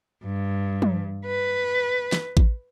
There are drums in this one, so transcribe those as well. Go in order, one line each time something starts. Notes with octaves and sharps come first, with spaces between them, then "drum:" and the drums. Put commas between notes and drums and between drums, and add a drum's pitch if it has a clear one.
G2
drum: tom
B4
drum: snare
drum: kick A1